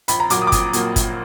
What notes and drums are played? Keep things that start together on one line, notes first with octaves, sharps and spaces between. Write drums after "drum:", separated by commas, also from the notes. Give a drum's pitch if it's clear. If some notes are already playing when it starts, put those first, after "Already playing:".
A#1 B5, drum: hi-hat
A#5
A#2 F#3 A#3 D6, drum: hi-hat
D#6
D6
A#1 D#6, drum: kick, hi-hat
A#2 F#3 A#3, drum: hi-hat
A#1, drum: kick, hi-hat